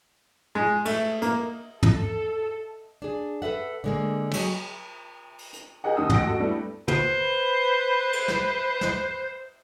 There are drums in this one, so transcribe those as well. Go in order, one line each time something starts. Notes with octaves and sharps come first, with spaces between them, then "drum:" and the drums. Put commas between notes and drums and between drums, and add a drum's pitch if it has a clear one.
G#3
A3, drum: cymbal
A#3, drum: hi-hat
A4, drum: tom
D4 G#4
A4 B4 E5 F#5
D3 G#3 A#3
F#3 F#4 G#4 D#5, drum: cymbal
drum: open hi-hat
drum: hi-hat
G4 G#4 A#4 D#5 F#5
D#2 G#3 D#4 D#6 E6
A1 A2 G4 F#5 A#6 D7, drum: tom
F#4 A4
G3 A3 B3 D4 E4
B4 C5, drum: tom
drum: cymbal
drum: snare
drum: snare